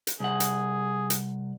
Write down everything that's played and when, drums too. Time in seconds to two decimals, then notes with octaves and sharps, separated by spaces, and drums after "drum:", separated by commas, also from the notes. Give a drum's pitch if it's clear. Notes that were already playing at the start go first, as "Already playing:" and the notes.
0.07 drum: hi-hat
0.20 C2 G#4 F#5
0.40 drum: hi-hat
1.10 drum: hi-hat